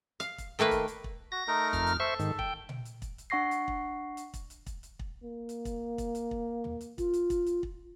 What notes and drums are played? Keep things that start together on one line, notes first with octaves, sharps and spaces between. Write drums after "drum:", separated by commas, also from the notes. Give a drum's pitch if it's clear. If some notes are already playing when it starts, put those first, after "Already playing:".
F5, drum: hi-hat
drum: kick, hi-hat
D#3 A3 A#3 B4
drum: kick, hi-hat
drum: hi-hat
drum: kick
F#4 A#6
A3 D#4 A#4
F2 F6, drum: kick, hi-hat
drum: hi-hat
A4 C5 E5 C#6
G#2 D#3, drum: hi-hat
G5, drum: kick
drum: tom A#2
drum: hi-hat
drum: kick, hi-hat
drum: hi-hat
D4 F#5 C#6 A#6 C7
drum: hi-hat
drum: kick
drum: hi-hat
drum: kick, hi-hat
drum: hi-hat
drum: kick, hi-hat
drum: hi-hat
drum: kick
A#3
drum: hi-hat
drum: kick, hi-hat
drum: kick, hi-hat
drum: hi-hat
drum: kick
drum: tom
drum: hi-hat
F4, drum: kick, hi-hat
drum: hi-hat
drum: kick, hi-hat
drum: hi-hat
drum: kick